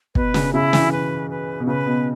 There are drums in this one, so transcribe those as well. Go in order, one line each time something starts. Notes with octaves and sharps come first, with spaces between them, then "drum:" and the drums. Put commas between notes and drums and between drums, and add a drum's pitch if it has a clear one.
B2 B4, drum: kick
C#3, drum: snare
C#3 E4
E3, drum: snare
B4
B4
B2
C#3 B4
B2